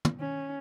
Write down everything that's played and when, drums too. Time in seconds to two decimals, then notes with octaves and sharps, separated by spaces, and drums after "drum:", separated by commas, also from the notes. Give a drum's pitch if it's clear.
0.05 drum: tom
0.20 C#4